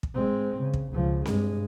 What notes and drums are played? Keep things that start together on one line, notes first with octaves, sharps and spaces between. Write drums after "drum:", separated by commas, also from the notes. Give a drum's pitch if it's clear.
drum: kick
G#3 C4
C#3
drum: kick
C#2 F3
G2 G#3, drum: snare C4